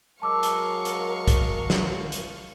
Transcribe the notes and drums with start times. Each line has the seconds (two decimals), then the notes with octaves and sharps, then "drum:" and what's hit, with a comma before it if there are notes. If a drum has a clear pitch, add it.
0.22 F#3 G#3 A#4 F5 A5 C#6 D6 E6
0.43 drum: hi-hat
0.85 drum: hi-hat
1.28 drum: kick, hi-hat
1.70 drum: snare
2.12 drum: hi-hat